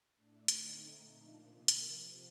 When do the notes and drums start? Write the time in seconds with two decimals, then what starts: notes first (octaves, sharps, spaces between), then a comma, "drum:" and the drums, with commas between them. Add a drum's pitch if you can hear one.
0.16 A2 A3 D4
0.48 D3 A3 C4 D#4, drum: hi-hat
0.81 A#2 A3 D#4
1.14 A#2 F3 A#3 D4
1.47 C3 D#3 A#3
1.68 drum: hi-hat
1.80 C3 F3 C4